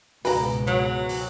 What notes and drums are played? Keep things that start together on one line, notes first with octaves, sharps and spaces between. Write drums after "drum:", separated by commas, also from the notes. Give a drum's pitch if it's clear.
C#2 G#2 B2 F#4 B4 A#5 D7, drum: open hi-hat
F#3, drum: hi-hat
drum: open hi-hat